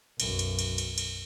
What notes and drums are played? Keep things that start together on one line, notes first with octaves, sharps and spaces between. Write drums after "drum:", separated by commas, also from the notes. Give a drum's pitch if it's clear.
B1 F#2, drum: cymbal
drum: cymbal
drum: cymbal
drum: cymbal
drum: cymbal